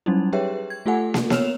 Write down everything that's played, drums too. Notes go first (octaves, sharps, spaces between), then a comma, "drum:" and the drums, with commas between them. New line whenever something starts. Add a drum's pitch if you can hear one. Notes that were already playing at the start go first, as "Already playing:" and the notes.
F#3 G3 C#4 D#4 E4
G4 G#4 B4 C#5 E5 G5
G#6
A3 F4 G4 A4 F#5 G#5
drum: snare
B3 C#5 E6 F6 E7 F7, drum: snare